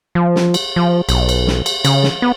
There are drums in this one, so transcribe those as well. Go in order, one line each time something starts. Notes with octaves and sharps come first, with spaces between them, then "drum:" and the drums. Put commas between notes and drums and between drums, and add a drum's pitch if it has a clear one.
F3
drum: snare
drum: cymbal
F3
B1, drum: cymbal
drum: cymbal
drum: snare
drum: cymbal
C#3, drum: cymbal
drum: snare
B3